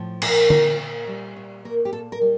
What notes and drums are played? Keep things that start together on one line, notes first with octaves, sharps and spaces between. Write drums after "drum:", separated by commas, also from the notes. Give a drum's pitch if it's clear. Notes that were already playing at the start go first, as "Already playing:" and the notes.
Already playing: A2 F3
A#2 A#4, drum: cymbal
A#3, drum: tom D3
A#2
G3
A#2
A#3 A#4
G4
A#2 A4
A#4
G3